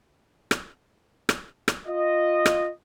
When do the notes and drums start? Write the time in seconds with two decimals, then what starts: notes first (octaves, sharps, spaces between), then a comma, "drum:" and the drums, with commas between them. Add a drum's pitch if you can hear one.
0.51 drum: rim click
1.29 drum: rim click
1.68 drum: rim click
1.87 F4 D#5
2.46 drum: rim click